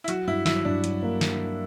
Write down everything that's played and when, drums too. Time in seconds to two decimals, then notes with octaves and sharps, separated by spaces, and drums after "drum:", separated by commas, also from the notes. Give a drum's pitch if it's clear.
0.04 E4
0.08 F#3 F#4, drum: hi-hat
0.27 G2 E4
0.46 F#3 E4, drum: snare
0.65 G2 D4
0.84 F#3, drum: hi-hat
1.03 A#3
1.21 drum: snare